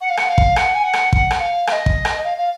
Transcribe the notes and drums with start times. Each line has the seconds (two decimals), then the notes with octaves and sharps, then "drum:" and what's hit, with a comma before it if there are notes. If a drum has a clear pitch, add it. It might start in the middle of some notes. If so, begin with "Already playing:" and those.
0.01 F#5
0.10 F5
0.17 F#5, drum: rim click
0.29 F5
0.38 drum: kick
0.56 F#5, drum: rim click
0.74 G#5
0.84 F#5
0.93 drum: rim click
1.13 F#5, drum: kick
1.31 drum: rim click
1.40 F5
1.67 F5, drum: rim click
1.72 D#5
1.86 drum: kick
2.05 drum: rim click
2.24 F5
2.37 F5